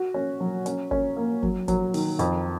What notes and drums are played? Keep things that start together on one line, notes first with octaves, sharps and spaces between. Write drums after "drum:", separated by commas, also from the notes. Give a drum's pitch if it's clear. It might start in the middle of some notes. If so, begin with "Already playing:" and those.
Already playing: F#4
C#4
F#3
C#4, drum: hi-hat
C#4, drum: kick
A#3
F#3, drum: kick
F#3, drum: kick, hi-hat
D#3, drum: open hi-hat
F2, drum: hi-hat